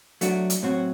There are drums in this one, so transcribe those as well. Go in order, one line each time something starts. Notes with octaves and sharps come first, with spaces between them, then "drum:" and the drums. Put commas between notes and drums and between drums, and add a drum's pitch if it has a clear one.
F#3 A3 D4 F#4, drum: hi-hat
drum: hi-hat
A2 F#3 C4 F#4